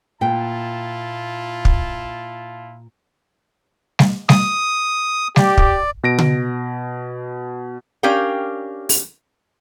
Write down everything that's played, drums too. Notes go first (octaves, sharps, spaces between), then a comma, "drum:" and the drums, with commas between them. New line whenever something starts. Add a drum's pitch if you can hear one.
A#2 E4 F4 G5 A5
drum: kick
drum: snare G3
D#6, drum: snare G3
G4 D5, drum: snare G3
drum: kick
B2 A#6 D7
drum: tom C#3
C#4 D4 G4 A#4 F5 G5
drum: open hi-hat